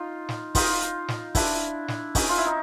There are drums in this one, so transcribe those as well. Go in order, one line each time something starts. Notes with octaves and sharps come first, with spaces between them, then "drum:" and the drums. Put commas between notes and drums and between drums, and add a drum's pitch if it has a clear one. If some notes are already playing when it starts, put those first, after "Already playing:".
Already playing: D#4 F4
drum: snare
D#4 F4, drum: kick, open hi-hat
drum: hi-hat
drum: snare
D4 E4, drum: kick, open hi-hat
drum: snare
C#4 D#4, drum: kick, open hi-hat
F4
E4
D#4